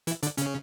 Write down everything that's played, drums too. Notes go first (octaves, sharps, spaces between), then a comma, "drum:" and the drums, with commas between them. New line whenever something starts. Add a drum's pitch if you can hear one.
E3 E4, drum: hi-hat
D3 D4, drum: hi-hat
C#3 C#4, drum: hi-hat